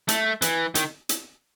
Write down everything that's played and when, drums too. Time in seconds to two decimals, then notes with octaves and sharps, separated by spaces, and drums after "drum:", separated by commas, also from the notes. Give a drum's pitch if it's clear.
0.09 A3, drum: hi-hat
0.42 E3, drum: hi-hat
0.75 D#3, drum: hi-hat
1.09 drum: hi-hat